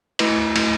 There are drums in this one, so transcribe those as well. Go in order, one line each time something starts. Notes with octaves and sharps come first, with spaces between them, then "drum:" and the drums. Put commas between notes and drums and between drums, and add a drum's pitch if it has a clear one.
A3 E4 B4 D#5, drum: cymbal
A3 E4 B4 D#5, drum: cymbal